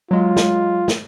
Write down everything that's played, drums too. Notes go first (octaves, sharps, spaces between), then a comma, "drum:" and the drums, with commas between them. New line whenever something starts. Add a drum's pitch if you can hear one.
F#3 G#3 F4
drum: snare
drum: snare